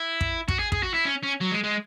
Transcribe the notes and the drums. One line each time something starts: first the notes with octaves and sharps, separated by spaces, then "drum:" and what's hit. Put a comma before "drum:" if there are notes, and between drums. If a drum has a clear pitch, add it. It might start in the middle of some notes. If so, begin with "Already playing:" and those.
Already playing: E4
drum: kick
F#4, drum: kick
G#4
G#4, drum: kick
F#4
E4
C#4
C#4
F#3
G#3
G#3